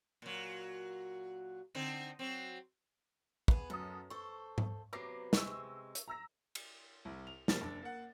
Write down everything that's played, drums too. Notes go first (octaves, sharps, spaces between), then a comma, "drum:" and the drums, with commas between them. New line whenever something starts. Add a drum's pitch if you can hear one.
A#2 F#3
D3 C4 D#4
F#3 C4
B3 G#4, drum: kick
F#2 A4 D#6
A4 C5 C#6
drum: tom G#2
C3 F#3 B3 D6 A#6 C7
C3 G#3 C#6 E6, drum: snare
drum: hi-hat
A#5 E6 A#6
drum: cymbal
C2
F7
B2 F3 G3 A#3 A6, drum: snare
F#1 D4
A#3 F#5